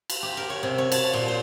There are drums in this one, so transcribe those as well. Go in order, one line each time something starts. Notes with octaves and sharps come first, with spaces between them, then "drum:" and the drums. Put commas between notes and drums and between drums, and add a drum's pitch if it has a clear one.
drum: cymbal
G4
A#4
C#5
C3
C#5
A5, drum: cymbal
A#2
C5